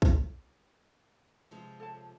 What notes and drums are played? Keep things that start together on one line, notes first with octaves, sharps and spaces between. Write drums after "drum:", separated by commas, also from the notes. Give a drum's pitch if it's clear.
drum: kick
C3 F3 G#3
A4 C#5 A5